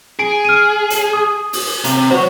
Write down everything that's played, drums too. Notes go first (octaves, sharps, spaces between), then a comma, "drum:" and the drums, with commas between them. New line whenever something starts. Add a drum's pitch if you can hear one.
G#4 D7
F6 D#7
drum: hi-hat
D#6
drum: open hi-hat
C3, drum: hi-hat
F#4 C5 C#5